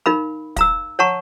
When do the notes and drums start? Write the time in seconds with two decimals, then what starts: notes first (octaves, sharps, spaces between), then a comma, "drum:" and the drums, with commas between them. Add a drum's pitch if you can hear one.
0.06 D#4 A#4 F5 B5
0.56 F5 A#5 E6, drum: kick, hi-hat
0.99 C#5 F#5 A5 A#5 C#6